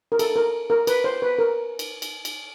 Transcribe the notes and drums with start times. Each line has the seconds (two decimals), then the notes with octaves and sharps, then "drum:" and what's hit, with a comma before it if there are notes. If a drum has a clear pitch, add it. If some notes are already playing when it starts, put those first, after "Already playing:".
0.12 A#4
0.19 A4, drum: cymbal
0.36 A#4
0.70 A#4
0.87 B4, drum: cymbal
1.04 C5
1.22 B4
1.39 A#4
1.79 drum: cymbal
2.02 drum: cymbal
2.25 drum: cymbal